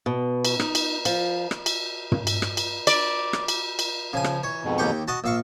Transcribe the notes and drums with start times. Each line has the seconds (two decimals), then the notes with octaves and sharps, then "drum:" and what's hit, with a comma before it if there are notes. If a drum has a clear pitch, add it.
0.06 B2
0.45 drum: cymbal
0.60 D#4, drum: rim click
0.75 drum: cymbal
1.05 F3, drum: cymbal
1.51 drum: rim click
1.66 drum: cymbal
2.12 drum: tom
2.27 drum: cymbal
2.42 drum: rim click
2.57 drum: cymbal
2.87 D5, drum: cymbal
3.33 drum: rim click
3.48 drum: cymbal
3.79 drum: cymbal
4.13 C#3 F3 G#5
4.24 drum: rim click
4.43 E3 C#5
4.64 F2 G#2 B2
4.78 D#2 G4 C#6
5.08 F#4 D#5 A5
5.24 A#1 F5 C#6 E6